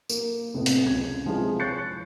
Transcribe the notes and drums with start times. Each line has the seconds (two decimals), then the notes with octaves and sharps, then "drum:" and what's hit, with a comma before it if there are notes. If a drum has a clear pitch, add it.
0.09 A#3, drum: tambourine
0.54 F2 A2 C3 B3
0.66 drum: open hi-hat
0.86 C#2 G#6
1.25 C3 F3 G#3 E4 G#4
1.60 C#6 F#6 G6 A6 C7 C#7